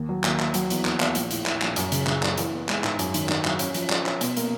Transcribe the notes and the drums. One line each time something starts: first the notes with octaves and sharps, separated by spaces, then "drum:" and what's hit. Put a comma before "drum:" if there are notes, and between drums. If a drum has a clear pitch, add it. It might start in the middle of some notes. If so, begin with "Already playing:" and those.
Already playing: D#2
F#3
D#2, drum: clap
D#2, drum: clap
F#3, drum: hi-hat
E2, drum: hi-hat
E2, drum: clap
E2, drum: clap
A#1, drum: hi-hat
A2, drum: hi-hat
A2, drum: clap
A#1, drum: clap
F#2, drum: hi-hat
C#3, drum: hi-hat
C#3, drum: clap
F#1, drum: clap
E3, drum: hi-hat
B3
G#3, drum: clap
G#2, drum: clap
F#2, drum: hi-hat
D#3, drum: hi-hat
D#3, drum: clap
F#3, drum: clap
C#4, drum: hi-hat
F3, drum: hi-hat
F3, drum: clap
C#4, drum: clap
B2, drum: hi-hat
A#3, drum: hi-hat